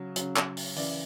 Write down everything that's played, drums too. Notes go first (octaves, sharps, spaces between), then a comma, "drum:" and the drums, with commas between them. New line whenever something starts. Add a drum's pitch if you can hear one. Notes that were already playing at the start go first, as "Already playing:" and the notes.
Already playing: C#3 F#3
C#3 F#3, drum: hi-hat
drum: clap
drum: open hi-hat
C#3 E3 D5, drum: open hi-hat